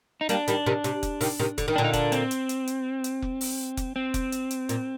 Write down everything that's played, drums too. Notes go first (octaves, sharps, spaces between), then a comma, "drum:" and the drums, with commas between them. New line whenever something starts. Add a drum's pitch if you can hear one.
D#4
G3 A#3 D4, drum: hi-hat
D#3 G3, drum: hi-hat
C3 D#3
C3, drum: hi-hat
drum: kick F1, hi-hat
C3 D#3, drum: open hi-hat
C3 D#3
D3, drum: kick F1, hi-hat
D#3
A#2 D3 D4
D#4
D4, drum: kick F1, hi-hat
C4, drum: hi-hat
drum: hi-hat
drum: hi-hat
drum: hi-hat
drum: hi-hat
drum: kick F1
drum: open hi-hat
drum: kick F1, hi-hat
C4
drum: kick F1, hi-hat
drum: hi-hat
drum: hi-hat
A#2, drum: hi-hat